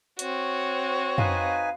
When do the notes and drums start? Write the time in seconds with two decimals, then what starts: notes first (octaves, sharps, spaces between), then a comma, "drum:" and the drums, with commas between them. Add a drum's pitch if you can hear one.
0.19 C4 F#4 C#5, drum: hi-hat
1.18 D#4 B4 F5 G#5, drum: tom